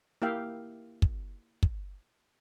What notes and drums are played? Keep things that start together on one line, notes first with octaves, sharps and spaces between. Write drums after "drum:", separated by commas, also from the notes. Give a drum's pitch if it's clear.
A#3 E4 G4 E5 F5 G5
drum: kick
drum: kick